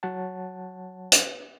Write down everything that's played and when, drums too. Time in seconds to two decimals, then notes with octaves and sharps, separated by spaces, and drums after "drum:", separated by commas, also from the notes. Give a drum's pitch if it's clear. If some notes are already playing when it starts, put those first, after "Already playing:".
0.03 F#3 C#5 F#5 A5
1.12 drum: hi-hat